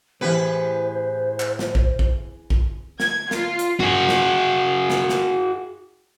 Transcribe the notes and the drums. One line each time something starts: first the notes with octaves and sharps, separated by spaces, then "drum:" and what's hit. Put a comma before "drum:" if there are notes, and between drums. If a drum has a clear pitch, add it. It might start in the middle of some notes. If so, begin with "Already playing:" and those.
A2 E3 G4 G#4 B4 C5
drum: clap
drum: snare
drum: kick
drum: kick
drum: kick
G#6, drum: snare
F4, drum: snare
drum: hi-hat
F#4 G#4, drum: tom G2
drum: snare
drum: snare
drum: snare